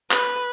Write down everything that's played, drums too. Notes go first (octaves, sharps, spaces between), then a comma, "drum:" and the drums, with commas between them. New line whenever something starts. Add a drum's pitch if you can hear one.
B4, drum: clap